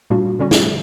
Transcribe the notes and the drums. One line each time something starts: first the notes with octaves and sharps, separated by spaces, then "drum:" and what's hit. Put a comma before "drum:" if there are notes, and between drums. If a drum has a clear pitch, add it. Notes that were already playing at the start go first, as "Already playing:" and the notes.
A#2 G3 A#3 D4 F#4
D3 G3 C#4 F#4
drum: snare